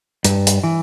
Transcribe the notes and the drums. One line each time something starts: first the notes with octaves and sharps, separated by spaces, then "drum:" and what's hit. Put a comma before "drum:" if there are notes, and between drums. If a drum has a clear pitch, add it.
G2, drum: hi-hat
drum: hi-hat
E3